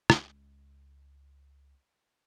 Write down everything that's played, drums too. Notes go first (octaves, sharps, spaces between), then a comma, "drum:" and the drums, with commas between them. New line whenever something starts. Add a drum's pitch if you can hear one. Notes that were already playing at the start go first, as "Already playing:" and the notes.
C#2 G#3, drum: rim click